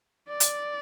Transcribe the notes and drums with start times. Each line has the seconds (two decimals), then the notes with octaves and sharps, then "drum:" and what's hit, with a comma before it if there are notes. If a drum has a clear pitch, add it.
0.29 D5
0.40 drum: hi-hat